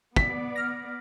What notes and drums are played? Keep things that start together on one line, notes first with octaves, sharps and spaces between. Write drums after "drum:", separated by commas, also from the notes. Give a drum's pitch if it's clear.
B3 D5 B6, drum: kick
F6 A#6